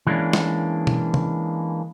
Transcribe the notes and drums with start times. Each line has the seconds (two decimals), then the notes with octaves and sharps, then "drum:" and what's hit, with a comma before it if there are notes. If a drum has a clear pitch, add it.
0.07 E3 G#3 A#3 C#4 D4
0.33 drum: snare
0.87 drum: tom
1.14 drum: tom